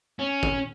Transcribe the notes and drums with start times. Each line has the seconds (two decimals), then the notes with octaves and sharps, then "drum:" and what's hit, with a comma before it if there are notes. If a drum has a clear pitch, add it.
0.19 C#4
0.43 drum: kick